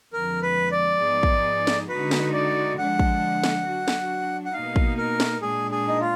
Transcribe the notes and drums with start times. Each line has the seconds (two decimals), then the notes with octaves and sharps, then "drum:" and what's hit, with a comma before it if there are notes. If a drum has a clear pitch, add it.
0.12 F2 D3 F3 G#3 A#4
0.42 B4
0.72 D5
1.00 G#2 F3 B3 D#4 G#4
1.23 drum: kick
1.67 drum: snare
1.89 D3 G#3 D#4 F#4 B4
2.11 drum: snare
2.33 D5
2.77 D3 F3 G#3 D4 F#5
2.99 drum: kick
3.44 drum: snare
3.65 F#3 D4 F#4
3.88 drum: snare
4.45 F#5
4.53 B2 A#3 D#4 F5
4.76 drum: kick
4.97 A#4
5.20 drum: snare
5.42 A#2 G#3 D4 G#4
5.71 G#4
5.88 D#4
6.01 F4